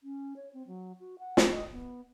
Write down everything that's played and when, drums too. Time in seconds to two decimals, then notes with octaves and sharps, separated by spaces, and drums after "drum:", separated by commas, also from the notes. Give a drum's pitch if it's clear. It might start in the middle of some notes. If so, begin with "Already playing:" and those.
0.03 C#4
0.36 C#5
0.53 C4
0.67 F#3
1.00 F#4
1.19 F#5
1.37 drum: snare
1.50 D#5
1.72 B3